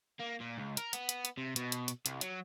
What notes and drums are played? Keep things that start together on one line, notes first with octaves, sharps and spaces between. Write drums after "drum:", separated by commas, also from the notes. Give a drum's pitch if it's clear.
A#3
A#2
C#2
A#4, drum: hi-hat
B3, drum: hi-hat
drum: hi-hat
drum: hi-hat
C3
B2, drum: hi-hat
drum: hi-hat
drum: hi-hat
C2, drum: hi-hat
F#3, drum: hi-hat